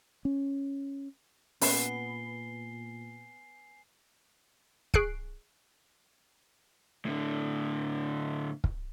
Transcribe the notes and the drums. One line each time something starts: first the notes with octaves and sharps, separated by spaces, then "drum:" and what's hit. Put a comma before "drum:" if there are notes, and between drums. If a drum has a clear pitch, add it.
C#4
A#2 B3 C#4 G#5 C7 G7, drum: open hi-hat
G#4 C#6 F#6 C7 D7, drum: kick
A2 D3
drum: kick